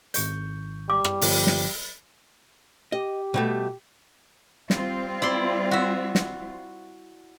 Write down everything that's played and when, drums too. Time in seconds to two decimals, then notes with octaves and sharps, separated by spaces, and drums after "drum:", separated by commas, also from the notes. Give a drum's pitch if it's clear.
0.14 G#1 C#6 G6, drum: hi-hat
0.90 G3 D6
1.04 drum: rim click
1.21 G1 F3, drum: open hi-hat
1.47 drum: snare
2.92 G4 D#5
3.34 B2 G3 A3
4.70 G3 C4 F4, drum: snare
5.22 E4 D5 C6
5.71 F#4 E5
6.15 drum: snare